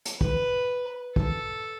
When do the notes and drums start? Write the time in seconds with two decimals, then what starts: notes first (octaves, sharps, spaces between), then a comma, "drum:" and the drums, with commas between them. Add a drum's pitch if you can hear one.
0.06 drum: hi-hat
0.21 B4, drum: kick
1.16 A4, drum: kick